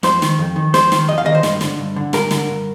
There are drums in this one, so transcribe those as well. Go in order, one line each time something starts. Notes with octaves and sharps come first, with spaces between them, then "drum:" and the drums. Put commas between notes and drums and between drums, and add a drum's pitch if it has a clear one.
F2 C5, drum: snare
D#3, drum: snare
F2
D#3
F2 C5, drum: snare
D#3, drum: snare
F2 D#5
F5
D#3 D#5
C5
G2, drum: snare
D3, drum: snare
G2
D3
G2 A#4, drum: snare
D3, drum: snare
G2